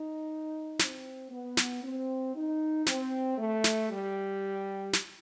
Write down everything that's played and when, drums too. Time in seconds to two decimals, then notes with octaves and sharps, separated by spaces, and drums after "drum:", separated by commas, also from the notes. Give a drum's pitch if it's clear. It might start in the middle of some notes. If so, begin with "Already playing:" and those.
Already playing: D#4
0.79 C4, drum: snare
1.31 B3
1.57 drum: snare
1.84 C4
2.35 D#4
2.86 C4, drum: snare
3.38 A3
3.64 drum: snare
3.90 G3
4.93 drum: snare